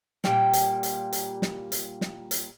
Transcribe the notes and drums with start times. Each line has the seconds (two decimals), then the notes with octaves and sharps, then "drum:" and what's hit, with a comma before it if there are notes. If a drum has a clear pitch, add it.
0.24 A#2 G3 G5, drum: snare
0.53 drum: hi-hat
0.83 drum: hi-hat
1.13 drum: hi-hat
1.42 drum: snare
1.72 drum: hi-hat
2.01 drum: snare
2.31 drum: hi-hat